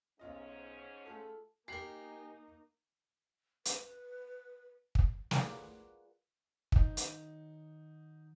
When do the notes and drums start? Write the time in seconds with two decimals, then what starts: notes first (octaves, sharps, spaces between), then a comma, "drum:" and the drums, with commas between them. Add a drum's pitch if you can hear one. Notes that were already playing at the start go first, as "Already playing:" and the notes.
0.19 B1 G#2 C#4 F4 D#5
1.05 A3 F4 G#4 A4
1.68 A#3 D#4 G4 A#4 G#5 C7 F#7
3.65 B4, drum: hi-hat
4.95 drum: kick
5.31 F4 G#4 A#4 B4 D5 F#5, drum: snare
6.72 D#3 F#3 D#4, drum: kick
6.97 drum: hi-hat